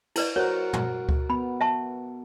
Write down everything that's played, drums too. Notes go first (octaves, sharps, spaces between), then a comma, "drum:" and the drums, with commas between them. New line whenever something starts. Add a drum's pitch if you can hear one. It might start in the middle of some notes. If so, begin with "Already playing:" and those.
E4 B4 D5, drum: cymbal
F#4 A#4 C5 C#5
drum: tom
drum: kick C#2
B3 B5
E5 A5 C#6